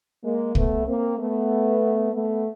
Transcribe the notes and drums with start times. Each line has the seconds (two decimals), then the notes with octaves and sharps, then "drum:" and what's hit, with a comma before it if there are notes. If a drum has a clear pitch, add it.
0.24 G#3 A#3
0.55 A3 B3, drum: kick
0.87 A#3 C4
1.18 A3 B3
2.13 A3 B3